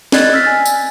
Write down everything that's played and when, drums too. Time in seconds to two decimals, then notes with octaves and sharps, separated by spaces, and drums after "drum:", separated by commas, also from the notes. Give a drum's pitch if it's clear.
0.12 D5 D#5 F#6 G#6 A6, drum: snare
0.33 E6 F6 A6 B6
0.46 G#5
0.65 drum: tambourine